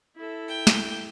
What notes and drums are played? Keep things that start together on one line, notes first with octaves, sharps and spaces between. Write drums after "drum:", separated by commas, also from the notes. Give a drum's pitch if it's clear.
E4 A4
G5
drum: snare